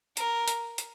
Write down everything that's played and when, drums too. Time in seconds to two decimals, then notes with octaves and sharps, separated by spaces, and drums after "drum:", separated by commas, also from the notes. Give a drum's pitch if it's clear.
0.17 A#4, drum: hi-hat
0.48 drum: hi-hat
0.78 drum: hi-hat